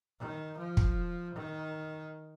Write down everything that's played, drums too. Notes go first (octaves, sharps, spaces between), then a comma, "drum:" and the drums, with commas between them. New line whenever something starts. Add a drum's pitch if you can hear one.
D#3
F3
drum: kick
D#3